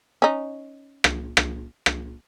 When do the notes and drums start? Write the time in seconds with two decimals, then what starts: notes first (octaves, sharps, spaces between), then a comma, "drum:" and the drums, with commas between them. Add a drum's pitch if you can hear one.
0.22 C#4 D#4
1.04 drum: rim click
1.37 drum: rim click
1.86 drum: rim click